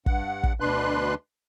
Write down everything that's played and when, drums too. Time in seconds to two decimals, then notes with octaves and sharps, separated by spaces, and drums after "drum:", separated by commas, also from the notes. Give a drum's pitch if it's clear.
0.06 G2 F#5, drum: kick
0.43 drum: kick
0.60 D2 B2 D4 B4 C6 F#6